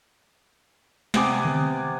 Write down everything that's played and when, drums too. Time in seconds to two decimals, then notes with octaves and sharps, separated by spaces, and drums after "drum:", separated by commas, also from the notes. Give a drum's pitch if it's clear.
1.14 C3 B3 G#5 D6, drum: snare
1.45 drum: tom D3